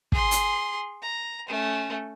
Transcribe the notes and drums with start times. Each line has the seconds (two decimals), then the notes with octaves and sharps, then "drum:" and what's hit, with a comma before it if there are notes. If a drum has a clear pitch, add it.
0.12 G#4 C6, drum: kick
0.31 drum: hi-hat
1.02 A#5
1.48 A3 C#4